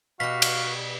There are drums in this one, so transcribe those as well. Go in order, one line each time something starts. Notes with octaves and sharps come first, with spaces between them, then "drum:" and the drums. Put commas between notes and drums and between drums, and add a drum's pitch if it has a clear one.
B2 F#4 G4 F5 B6
drum: cymbal